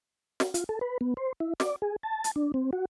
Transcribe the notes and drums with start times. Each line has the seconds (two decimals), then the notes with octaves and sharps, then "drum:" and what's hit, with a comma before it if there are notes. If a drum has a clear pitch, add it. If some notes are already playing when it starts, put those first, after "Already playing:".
0.40 drum: snare
0.54 F4, drum: hi-hat
0.69 A4
0.81 B4
1.01 B3
1.17 C5
1.40 E4
1.60 D5, drum: snare
1.82 G#4
2.03 A5
2.24 drum: hi-hat
2.36 D4
2.54 C4
2.73 F#4